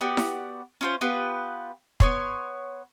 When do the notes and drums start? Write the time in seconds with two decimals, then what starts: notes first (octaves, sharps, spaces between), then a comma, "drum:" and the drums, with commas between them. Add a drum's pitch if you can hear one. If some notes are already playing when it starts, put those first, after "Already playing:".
0.01 B3 F#4 G4 D5
0.17 drum: snare E4
0.81 C#4 F4 C5
1.01 B3 F4 G4 B4
2.00 B3 C#5 C6, drum: kick